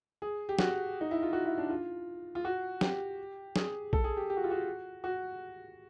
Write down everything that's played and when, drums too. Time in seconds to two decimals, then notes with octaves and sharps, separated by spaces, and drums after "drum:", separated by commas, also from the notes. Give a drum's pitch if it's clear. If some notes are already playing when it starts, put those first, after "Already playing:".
0.22 G#4
0.49 G4
0.59 F#4, drum: snare
1.01 D#4
1.11 E4
1.23 F4
1.33 F#4
1.45 E4
1.58 D4
1.70 F4
2.35 F4
2.45 F#4
2.81 G4, drum: snare
3.56 G#4, drum: snare
3.93 A4, drum: kick A#1
4.04 G#4
4.17 G4
4.30 G4
4.37 F#4
4.44 F4
4.51 F#4
5.04 F#4